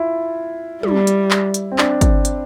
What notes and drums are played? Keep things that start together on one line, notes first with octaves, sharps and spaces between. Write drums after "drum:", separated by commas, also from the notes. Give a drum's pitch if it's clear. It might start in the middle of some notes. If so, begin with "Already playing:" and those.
Already playing: E4 F4
G3, drum: tom
drum: hi-hat
drum: clap
drum: hi-hat
C4
D4, drum: clap
drum: kick, hi-hat
drum: hi-hat